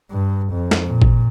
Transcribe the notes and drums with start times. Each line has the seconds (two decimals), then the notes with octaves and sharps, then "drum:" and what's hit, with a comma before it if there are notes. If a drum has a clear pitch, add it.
0.11 G2
0.53 F2
0.71 drum: snare
0.86 A#2
1.02 drum: kick